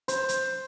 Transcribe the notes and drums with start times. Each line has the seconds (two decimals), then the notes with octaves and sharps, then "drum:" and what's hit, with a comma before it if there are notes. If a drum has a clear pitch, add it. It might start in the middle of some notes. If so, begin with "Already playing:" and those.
0.08 C5, drum: hi-hat
0.29 drum: hi-hat